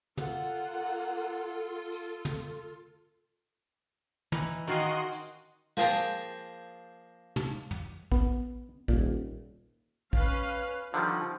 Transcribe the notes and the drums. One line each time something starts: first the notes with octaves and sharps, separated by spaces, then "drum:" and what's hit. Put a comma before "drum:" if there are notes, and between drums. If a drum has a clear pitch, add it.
A#3 F4 A4 F#5, drum: tom
drum: tambourine
drum: tom
E3 D#4, drum: tom
D#3 F4 F#4 G#4 D#5 C6
drum: hi-hat
F3 A#3 G#4 G5 A5 A#5, drum: snare
drum: tom
drum: tom
B3, drum: kick
D#1 A#2, drum: kick
C#4 B4 F5, drum: kick
D3 D#3 F3 G3, drum: hi-hat